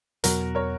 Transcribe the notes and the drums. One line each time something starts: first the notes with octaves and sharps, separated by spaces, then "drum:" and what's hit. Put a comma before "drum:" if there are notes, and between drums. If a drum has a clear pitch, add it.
E2 B2 F#3 B3 F#4 A#4, drum: hi-hat
A#4 C#5